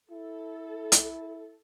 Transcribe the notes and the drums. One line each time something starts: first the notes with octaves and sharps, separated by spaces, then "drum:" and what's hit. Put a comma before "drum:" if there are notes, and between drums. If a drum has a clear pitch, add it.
E4 A4
drum: hi-hat